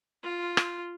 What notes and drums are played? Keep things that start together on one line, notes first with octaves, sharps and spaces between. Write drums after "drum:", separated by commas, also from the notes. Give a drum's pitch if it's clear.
F4
drum: rim click